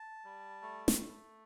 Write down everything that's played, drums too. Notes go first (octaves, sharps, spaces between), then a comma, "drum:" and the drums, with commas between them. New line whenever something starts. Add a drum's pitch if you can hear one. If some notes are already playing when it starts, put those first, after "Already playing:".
Already playing: A5
G3
A3
drum: snare
A3